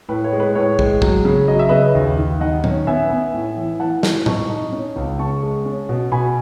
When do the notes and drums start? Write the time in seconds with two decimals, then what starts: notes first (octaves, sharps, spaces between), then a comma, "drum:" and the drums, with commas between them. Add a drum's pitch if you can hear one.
0.09 A2 B4
0.24 C#5
0.33 G#3
0.40 B4
0.55 A2 C#5
0.79 G#3, drum: kick
1.02 F#3, drum: kick
1.25 C#3
1.48 F#3 D#5
1.59 E5
1.69 C#3 B4 D#5
1.95 D#2
2.18 D#2
2.41 D#3 D#5 F#5
2.64 C#4, drum: tom A#2
2.87 B3 E5 G#5
3.10 B3
3.34 A2
3.56 E3
3.79 E3 F#5 A5
4.03 E3, drum: snare
4.26 D#4 A5 C#6, drum: tom A2
4.50 D#4
4.72 C#4
4.96 C#2
5.19 C#3 A5 C#6
5.43 G#3
5.65 C#4
5.89 B2
6.12 B2 G#5 B5